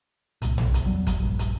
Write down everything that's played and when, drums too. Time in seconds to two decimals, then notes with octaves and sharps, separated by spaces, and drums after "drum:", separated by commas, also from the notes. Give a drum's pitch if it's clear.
0.42 C2 A#2, drum: hi-hat
0.58 drum: tom A#1
0.74 drum: hi-hat
0.86 E2 F#3 G3
1.07 drum: kick, hi-hat
1.19 A#1 G2
1.39 drum: hi-hat